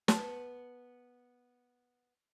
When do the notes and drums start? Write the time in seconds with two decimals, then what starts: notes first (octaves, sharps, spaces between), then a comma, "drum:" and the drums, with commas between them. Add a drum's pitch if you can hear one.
0.08 B3 A5, drum: snare